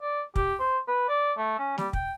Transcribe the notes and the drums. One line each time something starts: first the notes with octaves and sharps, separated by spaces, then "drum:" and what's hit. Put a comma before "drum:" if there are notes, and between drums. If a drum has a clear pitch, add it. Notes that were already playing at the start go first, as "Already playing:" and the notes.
D5
G4, drum: kick
C5
B4
D5
A3
C#4
G3, drum: snare
G5, drum: kick